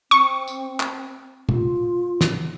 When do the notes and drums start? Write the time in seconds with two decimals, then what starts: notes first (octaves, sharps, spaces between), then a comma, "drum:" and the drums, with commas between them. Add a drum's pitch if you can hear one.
0.11 C4 C#6
0.48 drum: tambourine
0.80 drum: clap
1.49 F4, drum: tom
2.21 drum: snare